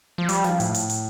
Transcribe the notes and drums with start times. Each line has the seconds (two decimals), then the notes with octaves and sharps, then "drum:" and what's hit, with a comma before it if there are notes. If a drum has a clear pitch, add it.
0.18 F3
0.29 G3, drum: hi-hat
0.44 F3, drum: snare
0.60 A2, drum: hi-hat
0.74 drum: hi-hat
0.90 drum: hi-hat